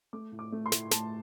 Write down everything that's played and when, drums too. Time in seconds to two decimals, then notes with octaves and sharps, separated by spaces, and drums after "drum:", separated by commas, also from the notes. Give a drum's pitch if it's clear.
0.13 A3 D6
0.32 A2
0.39 D6
0.52 A3
0.66 C6
0.72 A2, drum: snare
0.91 A2 A5, drum: snare